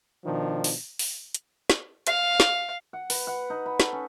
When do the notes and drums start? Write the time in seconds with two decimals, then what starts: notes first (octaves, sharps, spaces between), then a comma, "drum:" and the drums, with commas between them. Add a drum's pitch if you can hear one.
0.25 B2 D#3 F3 D4
0.64 drum: open hi-hat
0.99 drum: open hi-hat
1.34 drum: hi-hat
1.70 drum: snare
2.07 F5, drum: hi-hat
2.40 drum: snare
2.93 F#5
3.10 B4, drum: open hi-hat
3.27 F#5
3.50 D#4
3.66 B5
3.80 A4, drum: snare
3.93 C#4